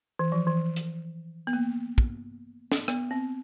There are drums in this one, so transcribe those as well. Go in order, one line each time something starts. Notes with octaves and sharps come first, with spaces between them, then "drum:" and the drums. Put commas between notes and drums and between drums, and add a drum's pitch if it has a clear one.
E3
F3
E3
drum: hi-hat
B3
A#3
drum: kick
drum: snare
B3, drum: rim click
C4